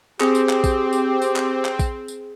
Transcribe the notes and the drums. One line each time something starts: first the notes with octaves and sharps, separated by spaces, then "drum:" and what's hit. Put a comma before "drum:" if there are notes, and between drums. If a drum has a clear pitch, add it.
C4 G4 G#4, drum: clap
drum: tambourine
drum: clap
drum: kick A#1, tambourine
drum: tambourine
drum: tambourine
drum: clap
drum: clap
drum: kick A#1, tambourine
drum: tambourine